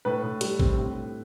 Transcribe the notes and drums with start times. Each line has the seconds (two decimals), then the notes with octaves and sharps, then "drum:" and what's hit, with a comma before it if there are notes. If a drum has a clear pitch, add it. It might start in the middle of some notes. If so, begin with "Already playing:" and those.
0.05 A2 B4
0.23 A2
0.41 G3, drum: hi-hat
0.59 C4, drum: kick A1
0.77 A2
0.95 A2